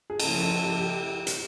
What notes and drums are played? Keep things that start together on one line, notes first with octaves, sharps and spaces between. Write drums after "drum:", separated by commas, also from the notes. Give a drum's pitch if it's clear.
G#4
C#3 F3 A#3 C#4 E4 A4, drum: cymbal
A4
G#4
G4
G4
drum: hi-hat